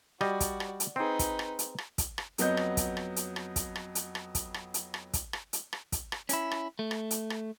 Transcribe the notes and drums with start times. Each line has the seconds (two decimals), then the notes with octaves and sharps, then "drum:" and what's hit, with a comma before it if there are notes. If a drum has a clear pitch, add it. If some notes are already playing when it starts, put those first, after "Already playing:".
0.21 G3 F#4 D5 D#5, drum: rim click
0.40 drum: kick, hi-hat
0.60 drum: rim click
0.80 drum: hi-hat
0.96 C4 D#4 G#4 B4
1.19 drum: kick, hi-hat
1.39 drum: rim click
1.59 drum: hi-hat
1.78 drum: rim click
1.98 drum: kick, hi-hat
2.18 drum: rim click
2.38 F2 F#3 B3 D#5 G6, drum: hi-hat
2.57 drum: rim click
2.77 drum: kick, hi-hat
2.97 drum: rim click
3.16 drum: hi-hat
3.36 drum: rim click
3.56 drum: kick, hi-hat
3.76 drum: rim click
3.95 drum: hi-hat
4.15 drum: rim click
4.35 drum: kick, hi-hat
4.54 drum: rim click
4.74 drum: hi-hat
4.94 drum: rim click
5.13 drum: kick, hi-hat
5.33 drum: rim click
5.53 drum: hi-hat
5.73 drum: rim click
5.92 drum: kick, hi-hat
6.12 drum: rim click
6.29 C#4 E4, drum: hi-hat
6.51 drum: rim click
6.79 A3
6.91 drum: rim click
7.11 drum: hi-hat
7.30 drum: rim click